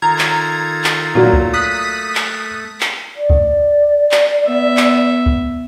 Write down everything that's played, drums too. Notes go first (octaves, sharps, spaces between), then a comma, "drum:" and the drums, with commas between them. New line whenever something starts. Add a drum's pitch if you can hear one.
D#3 F4 A4 A#5 G#6
drum: clap
drum: clap
A#2 F#3 A3 A#3
drum: kick C#2
D#6 F#6 B6
drum: clap
drum: clap
D5
drum: kick C#2
drum: clap
B3 E5
drum: clap
drum: kick C#2